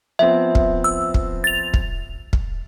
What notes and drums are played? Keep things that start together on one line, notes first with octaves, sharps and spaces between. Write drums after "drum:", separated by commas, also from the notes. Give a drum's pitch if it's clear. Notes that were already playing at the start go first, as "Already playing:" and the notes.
F3 B3 C4 E5
drum: kick
E6
drum: kick
A6 F7
drum: kick
drum: kick